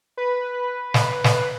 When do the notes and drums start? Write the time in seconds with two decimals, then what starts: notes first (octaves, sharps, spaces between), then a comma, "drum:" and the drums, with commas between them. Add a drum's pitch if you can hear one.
0.17 B4
0.94 drum: snare
1.24 drum: snare